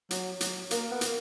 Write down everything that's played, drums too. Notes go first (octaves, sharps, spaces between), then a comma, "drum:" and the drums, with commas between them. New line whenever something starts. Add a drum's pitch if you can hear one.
F#3, drum: hi-hat
F#3, drum: hi-hat
A#3 A#4, drum: hi-hat
B3
drum: hi-hat